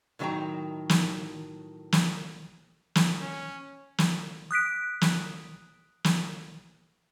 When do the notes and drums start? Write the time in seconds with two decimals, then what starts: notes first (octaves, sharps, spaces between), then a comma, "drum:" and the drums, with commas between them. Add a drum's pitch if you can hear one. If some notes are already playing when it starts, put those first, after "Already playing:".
0.19 A2 D#3 F#3 D4 G5 A#5
0.89 drum: snare
1.92 drum: snare
2.95 drum: snare
3.21 C#4
3.98 drum: snare
4.51 D#6 F#6 B6 D7
5.01 drum: snare
6.04 drum: snare